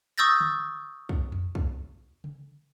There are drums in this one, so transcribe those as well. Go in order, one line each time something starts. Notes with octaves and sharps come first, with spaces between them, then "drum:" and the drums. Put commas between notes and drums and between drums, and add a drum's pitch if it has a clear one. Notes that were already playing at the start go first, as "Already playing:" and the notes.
C#6 D#6 E6 G6 A6 A#6
drum: tom D3
drum: kick
drum: tom F2
drum: kick
drum: tom C#3